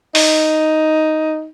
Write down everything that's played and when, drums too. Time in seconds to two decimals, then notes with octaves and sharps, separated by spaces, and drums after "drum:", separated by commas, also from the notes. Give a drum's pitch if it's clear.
0.15 D#4, drum: open hi-hat